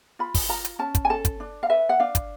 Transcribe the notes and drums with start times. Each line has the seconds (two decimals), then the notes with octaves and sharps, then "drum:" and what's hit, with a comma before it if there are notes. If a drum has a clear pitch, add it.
0.19 F4 B5
0.34 drum: kick, open hi-hat
0.49 F4 A#5
0.65 drum: hi-hat
0.79 C#4 A5
0.95 drum: kick, hi-hat
1.05 G#5
1.10 A4 A5
1.25 drum: kick, hi-hat
1.40 D4
1.63 F5
1.70 B4 E5
1.89 F#5
2.00 D4 F5
2.15 drum: kick, hi-hat